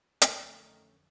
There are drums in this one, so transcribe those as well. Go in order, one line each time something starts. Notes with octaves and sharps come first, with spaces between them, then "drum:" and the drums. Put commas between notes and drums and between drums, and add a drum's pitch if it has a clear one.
F2 D3 D#3 F#3 A3 C#4, drum: hi-hat